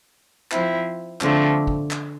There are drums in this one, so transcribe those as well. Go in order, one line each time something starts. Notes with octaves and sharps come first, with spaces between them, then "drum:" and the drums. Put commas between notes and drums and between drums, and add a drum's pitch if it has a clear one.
F3 C4 E4, drum: clap
D3 F3 A3 C4, drum: clap
drum: kick
drum: clap